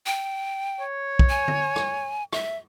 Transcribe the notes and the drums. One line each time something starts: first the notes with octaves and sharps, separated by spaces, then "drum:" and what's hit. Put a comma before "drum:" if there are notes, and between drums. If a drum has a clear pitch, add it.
G5
C#5
drum: kick
G#5
drum: tom D3
drum: rim click
E5, drum: rim click